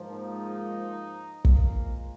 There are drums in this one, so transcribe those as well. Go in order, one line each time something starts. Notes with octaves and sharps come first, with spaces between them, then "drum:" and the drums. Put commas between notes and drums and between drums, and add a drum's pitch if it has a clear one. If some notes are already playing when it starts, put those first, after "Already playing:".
Already playing: G#2 F3 A#3
D#4
A#2 F3 G#3 A#3, drum: kick